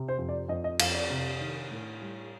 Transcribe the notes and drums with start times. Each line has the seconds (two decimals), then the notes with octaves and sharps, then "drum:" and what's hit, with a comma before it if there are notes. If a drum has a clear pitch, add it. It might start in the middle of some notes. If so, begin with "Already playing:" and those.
Already playing: C3
0.08 C5
0.18 F2
0.29 D5
0.48 F2 D#5
0.64 D#5
0.79 F2 F5, drum: cymbal
0.94 D5
1.10 C3
1.40 D#3
1.71 A2
2.01 G3